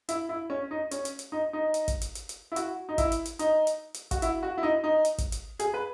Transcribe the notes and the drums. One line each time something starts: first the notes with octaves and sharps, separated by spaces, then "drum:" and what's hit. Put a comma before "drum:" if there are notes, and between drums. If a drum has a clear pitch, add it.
E4, drum: hi-hat
E4
C#4
D#4
C#4, drum: hi-hat
drum: hi-hat
drum: hi-hat
D#4
D#4
drum: hi-hat
drum: kick, hi-hat
drum: hi-hat
drum: hi-hat
drum: hi-hat
E4
F#4, drum: hi-hat
D#4
E4, drum: kick, hi-hat
drum: hi-hat
drum: hi-hat
D#4, drum: hi-hat
drum: hi-hat
drum: hi-hat
F#4, drum: kick, hi-hat
E4, drum: hi-hat
F#4
E4
D#4
D#4
drum: hi-hat
drum: kick, hi-hat
drum: hi-hat
G#4, drum: hi-hat
B4